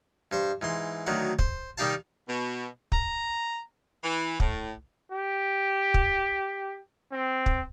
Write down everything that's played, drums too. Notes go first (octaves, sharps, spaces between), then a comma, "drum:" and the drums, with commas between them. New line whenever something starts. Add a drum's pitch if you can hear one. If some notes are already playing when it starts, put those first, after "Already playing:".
G2 C5 C#6
G#2 E3 C6
D2 D#3 F#3 F#5
C5, drum: kick
D#3 G3 D#4 G4 F5 A5
B2
A#5, drum: kick
E3
A2, drum: kick
G4
drum: kick
C4
drum: kick